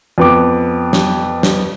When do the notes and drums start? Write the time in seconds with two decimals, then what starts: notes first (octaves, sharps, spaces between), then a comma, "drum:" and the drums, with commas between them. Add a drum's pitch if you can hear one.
0.18 F2 B3 D6
0.93 drum: snare
1.43 drum: snare